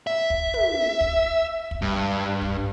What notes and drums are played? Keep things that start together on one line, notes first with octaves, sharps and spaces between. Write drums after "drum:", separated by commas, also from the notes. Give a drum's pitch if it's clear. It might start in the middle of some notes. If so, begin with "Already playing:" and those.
E5
drum: kick
drum: tom
drum: kick
drum: kick
G2
drum: kick